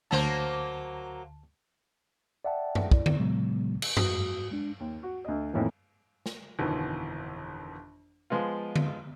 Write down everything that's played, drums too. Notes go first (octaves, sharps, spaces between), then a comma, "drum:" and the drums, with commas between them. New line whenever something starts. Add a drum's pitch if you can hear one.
D2 F#3 A#3 C5 A5
D5 E5 F#5 G5 A5
drum: tom F#2
E4 D5, drum: kick
drum: tom D3
A#2 C#3 F#3 G#3 B3
drum: cymbal
G#2 F#4 D#6, drum: tom F#2
G#3 D4
D#2
F#4
D2 D#5
F2 A2 D#3 E3 A#3
drum: snare
G1 F2 B2 D#3 E3
F3 G#3 B3 F4
drum: tom D3